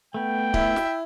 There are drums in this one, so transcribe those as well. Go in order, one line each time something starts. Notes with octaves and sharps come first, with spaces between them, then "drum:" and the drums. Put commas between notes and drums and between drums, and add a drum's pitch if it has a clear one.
A3 B3 G5
E4 E5, drum: kick D1
drum: snare